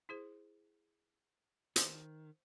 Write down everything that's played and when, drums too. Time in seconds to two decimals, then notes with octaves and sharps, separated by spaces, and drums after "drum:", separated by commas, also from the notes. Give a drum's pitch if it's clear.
0.09 E4 G#4 C5
1.76 D#3 C5 C6, drum: hi-hat